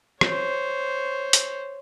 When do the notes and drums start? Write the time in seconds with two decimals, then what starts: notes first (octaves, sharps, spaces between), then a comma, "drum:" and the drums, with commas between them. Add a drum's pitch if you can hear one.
0.21 C5 C#5, drum: rim click
1.33 drum: hi-hat